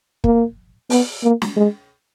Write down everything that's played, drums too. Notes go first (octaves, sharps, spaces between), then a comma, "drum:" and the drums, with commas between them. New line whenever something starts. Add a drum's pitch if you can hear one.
A#3, drum: kick
B3, drum: open hi-hat
A#3
drum: snare
G#3